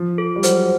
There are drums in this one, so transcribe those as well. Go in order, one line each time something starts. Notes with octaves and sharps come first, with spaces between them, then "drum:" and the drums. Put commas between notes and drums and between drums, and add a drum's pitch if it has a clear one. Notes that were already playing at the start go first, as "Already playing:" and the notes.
Already playing: F3
A4
G3
F#3 C5, drum: hi-hat